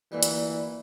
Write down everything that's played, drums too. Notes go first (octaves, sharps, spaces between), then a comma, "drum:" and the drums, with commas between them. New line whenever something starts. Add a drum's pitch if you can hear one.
D2 A#2 E3 G3
drum: hi-hat